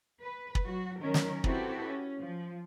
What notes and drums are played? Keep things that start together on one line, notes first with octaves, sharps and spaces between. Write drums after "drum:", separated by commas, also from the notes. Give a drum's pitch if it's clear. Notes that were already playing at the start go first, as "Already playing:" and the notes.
B4
drum: kick
F#3 F#4
D#3 F#3 C#4 A#4
drum: snare
C4 E4 F#4 G4 A4 B4, drum: kick
C#4
F3